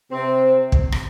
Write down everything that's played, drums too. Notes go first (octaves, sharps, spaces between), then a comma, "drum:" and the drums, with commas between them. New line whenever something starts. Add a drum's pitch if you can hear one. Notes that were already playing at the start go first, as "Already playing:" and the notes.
C3 C4
drum: kick
drum: rim click